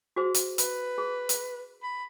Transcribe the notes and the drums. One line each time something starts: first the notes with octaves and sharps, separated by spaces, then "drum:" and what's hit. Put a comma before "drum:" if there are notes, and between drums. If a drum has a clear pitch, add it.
F#4 G#4 C5
drum: hi-hat
B4, drum: hi-hat
G#4
drum: hi-hat
B5